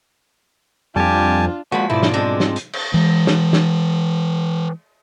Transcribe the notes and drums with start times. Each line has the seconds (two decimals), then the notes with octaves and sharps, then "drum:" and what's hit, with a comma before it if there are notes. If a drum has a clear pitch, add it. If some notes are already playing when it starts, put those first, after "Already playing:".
0.96 F2 G3 D4 F4 G4 G#5 A5
1.72 F3 G#3 A#3 F#4 B5
1.90 G#2 B2 E4 D5
2.03 drum: snare
2.14 G2 G#3 C4 D4
2.40 drum: snare
2.56 drum: hi-hat
2.73 drum: cymbal
2.94 E3 G#3
3.27 drum: snare
3.53 drum: snare